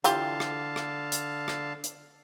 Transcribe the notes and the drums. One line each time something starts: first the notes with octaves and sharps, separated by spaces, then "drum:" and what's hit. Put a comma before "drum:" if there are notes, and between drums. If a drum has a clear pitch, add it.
D3 E3 F4 G4 F5 A5, drum: hi-hat
drum: rim click
drum: rim click
drum: hi-hat
drum: rim click
drum: hi-hat